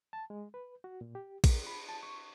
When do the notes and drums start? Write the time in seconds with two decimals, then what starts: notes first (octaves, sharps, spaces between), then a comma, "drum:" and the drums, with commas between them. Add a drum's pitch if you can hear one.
0.13 A5
0.30 G#3
0.54 B4
0.84 F#4
1.01 A#2
1.15 G4
1.44 A#4, drum: kick A#1, cymbal
1.67 B5
1.88 A5
2.03 C#6